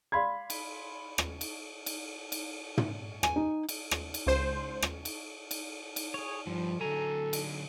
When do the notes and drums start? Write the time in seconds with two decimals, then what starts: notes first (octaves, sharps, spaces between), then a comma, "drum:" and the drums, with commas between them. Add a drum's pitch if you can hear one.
0.12 D5 F5 B5 C6 G#6
0.50 drum: cymbal
1.18 drum: rim click
1.41 drum: cymbal
1.86 drum: cymbal
2.32 drum: cymbal
2.77 drum: tom
3.23 G#5, drum: rim click
3.36 D#4
3.69 drum: cymbal
3.91 drum: rim click
4.14 drum: cymbal
4.26 C#2 C5
4.82 drum: rim click
5.05 drum: cymbal
5.51 drum: cymbal
5.96 drum: cymbal
6.14 G#4 C#5
6.47 G2 F3
6.81 D3 F#3 A4 G#5 A#5
7.33 drum: cymbal